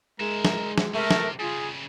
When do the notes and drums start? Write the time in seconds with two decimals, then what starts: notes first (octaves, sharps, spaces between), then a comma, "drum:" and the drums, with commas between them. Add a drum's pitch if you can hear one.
0.20 G#3 D#4 A#4 E5
0.45 drum: snare
0.78 drum: snare
0.94 C3 A3 A4 A#4 E5
1.11 drum: snare
1.40 C#3 G3 F4 G#4